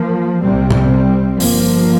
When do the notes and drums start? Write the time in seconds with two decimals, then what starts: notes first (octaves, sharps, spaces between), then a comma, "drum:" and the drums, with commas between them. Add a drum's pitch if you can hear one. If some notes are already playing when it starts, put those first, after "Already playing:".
Already playing: F3 A#3
0.41 C2 C3 G3 C4
0.71 drum: tom A2
1.40 G1 G2 F3 A#3, drum: open hi-hat